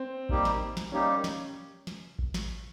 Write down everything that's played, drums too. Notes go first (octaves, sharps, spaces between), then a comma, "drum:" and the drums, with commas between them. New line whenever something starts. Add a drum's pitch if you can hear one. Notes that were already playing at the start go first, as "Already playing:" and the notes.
Already playing: C4
G3 A#3 D#4 G4, drum: kick A1
drum: snare
drum: snare
G3 A#3 C#4 D#4 G4
drum: snare
drum: snare
drum: kick A1
drum: snare